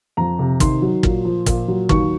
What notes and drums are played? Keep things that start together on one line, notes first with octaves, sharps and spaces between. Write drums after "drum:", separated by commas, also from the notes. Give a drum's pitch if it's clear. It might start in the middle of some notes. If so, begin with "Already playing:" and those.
F2 A#5
C3
D#3 C6, drum: kick, hi-hat
F#3
A#2, drum: kick
F3
A#2, drum: kick, hi-hat
F#3
D#2 C#6, drum: kick